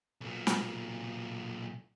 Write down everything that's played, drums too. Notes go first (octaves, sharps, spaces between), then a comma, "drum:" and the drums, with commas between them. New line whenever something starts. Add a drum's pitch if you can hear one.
B1 A#2
drum: snare